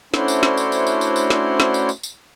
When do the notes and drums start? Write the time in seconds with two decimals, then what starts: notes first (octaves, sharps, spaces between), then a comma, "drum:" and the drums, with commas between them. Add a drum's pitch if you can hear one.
0.14 A3 C#4 D4 E4 F#4 C5, drum: snare
0.28 drum: tambourine
0.43 drum: snare
0.57 drum: tambourine
0.72 drum: tambourine
0.87 drum: tambourine
1.01 drum: tambourine
1.16 drum: tambourine
1.30 drum: snare
1.60 drum: snare
1.74 drum: tambourine
1.89 drum: tambourine
2.03 drum: tambourine